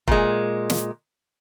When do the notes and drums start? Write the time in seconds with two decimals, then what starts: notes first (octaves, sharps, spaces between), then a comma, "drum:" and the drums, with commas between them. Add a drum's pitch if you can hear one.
0.08 A#2 G#3, drum: kick F1
0.70 drum: snare